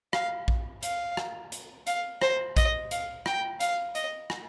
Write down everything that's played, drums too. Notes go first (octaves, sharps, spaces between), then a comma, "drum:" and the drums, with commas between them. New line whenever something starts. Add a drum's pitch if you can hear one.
F5, drum: rim click
drum: kick A#1
F5, drum: hi-hat
drum: rim click
drum: hi-hat
F5, drum: hi-hat
C5, drum: rim click
D#5, drum: kick A#1, hi-hat
F5, drum: hi-hat
G5, drum: rim click
F5, drum: hi-hat
D#5, drum: hi-hat
drum: rim click